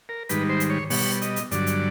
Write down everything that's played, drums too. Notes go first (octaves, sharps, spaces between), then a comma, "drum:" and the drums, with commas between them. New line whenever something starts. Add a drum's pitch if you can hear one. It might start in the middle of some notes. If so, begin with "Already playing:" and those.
A#4
G#2 D#3 G3 B4, drum: hi-hat
C5
drum: hi-hat
C#5
B2 G3 C#5, drum: open hi-hat
D#5, drum: hi-hat
drum: hi-hat
G2 D3 F#3 D5, drum: hi-hat
drum: hi-hat